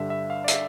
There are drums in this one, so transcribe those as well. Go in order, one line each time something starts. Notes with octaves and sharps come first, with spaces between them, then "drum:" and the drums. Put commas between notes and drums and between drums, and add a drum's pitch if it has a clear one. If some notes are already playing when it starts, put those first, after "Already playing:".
Already playing: G2 D3 G3 E5
E5
F5
D5
E5, drum: hi-hat